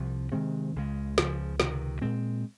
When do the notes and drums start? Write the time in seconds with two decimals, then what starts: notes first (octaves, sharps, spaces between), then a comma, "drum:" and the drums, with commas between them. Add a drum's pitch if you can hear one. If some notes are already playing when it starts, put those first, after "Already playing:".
Already playing: C2 C3 F3
0.32 C3 D#3 G#3 C4
0.76 C#2 C#3 G#3
1.18 C#2 C#3 F3, drum: snare
1.60 C#2 C3 D#3, drum: snare
2.02 A#2 G#3 C4